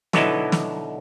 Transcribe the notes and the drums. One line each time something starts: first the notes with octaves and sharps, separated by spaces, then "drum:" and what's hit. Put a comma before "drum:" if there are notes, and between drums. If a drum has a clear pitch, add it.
B2 D3 F#3 B3 D#4 E4, drum: snare
drum: snare